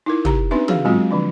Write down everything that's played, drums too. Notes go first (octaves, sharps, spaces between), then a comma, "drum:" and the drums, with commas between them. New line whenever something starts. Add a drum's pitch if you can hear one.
D#4 E4 A#4
G4 A#5, drum: tom
B3 C4 D4 D#4 B4 E5
F#4 G#4 C#5 F5, drum: tom
F#3 G#3 B3 C4 F4 F#4
D3 F3 D4